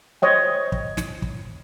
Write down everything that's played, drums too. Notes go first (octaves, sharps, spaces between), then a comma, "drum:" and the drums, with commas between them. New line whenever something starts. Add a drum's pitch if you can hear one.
C5 C#5 D#5 G5
drum: kick
drum: snare
drum: kick